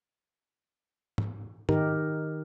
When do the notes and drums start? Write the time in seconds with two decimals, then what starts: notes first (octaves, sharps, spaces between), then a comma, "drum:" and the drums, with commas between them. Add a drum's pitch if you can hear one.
1.18 drum: tom G#2
1.69 D#3 D#4 G4 A#4, drum: tom G#2